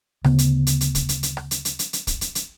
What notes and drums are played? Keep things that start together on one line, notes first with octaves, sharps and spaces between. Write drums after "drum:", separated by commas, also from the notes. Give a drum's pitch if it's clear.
D2 C#3 B3, drum: rim click
drum: hi-hat
drum: hi-hat
drum: hi-hat
drum: kick, hi-hat
drum: hi-hat
drum: hi-hat
drum: rim click
drum: hi-hat
drum: hi-hat
drum: hi-hat
drum: hi-hat
drum: kick, hi-hat
drum: hi-hat
drum: hi-hat